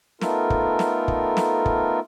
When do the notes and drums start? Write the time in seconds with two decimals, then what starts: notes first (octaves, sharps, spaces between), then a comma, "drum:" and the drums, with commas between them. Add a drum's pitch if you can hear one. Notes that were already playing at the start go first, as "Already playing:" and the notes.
0.21 A3 B3 D#4 F4 A4 A#4, drum: snare
0.50 drum: kick
0.79 drum: snare
1.08 drum: kick
1.37 drum: snare
1.66 drum: kick